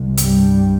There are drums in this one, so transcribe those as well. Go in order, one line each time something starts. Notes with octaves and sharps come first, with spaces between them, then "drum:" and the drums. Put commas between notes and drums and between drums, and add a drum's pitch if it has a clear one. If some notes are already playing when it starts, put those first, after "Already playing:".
Already playing: C2 C3
G2 G3, drum: hi-hat